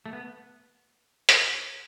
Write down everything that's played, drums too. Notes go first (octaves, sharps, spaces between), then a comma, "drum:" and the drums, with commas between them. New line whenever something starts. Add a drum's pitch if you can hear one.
A3
B3
drum: hi-hat